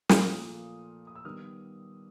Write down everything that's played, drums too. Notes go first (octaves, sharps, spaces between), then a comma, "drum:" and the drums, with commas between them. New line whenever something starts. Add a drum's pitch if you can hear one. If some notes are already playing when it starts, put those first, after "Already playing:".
A#2 F3 A3 D#6 F6, drum: snare
D#6
E6
D#3 G3 B3 D#6 F6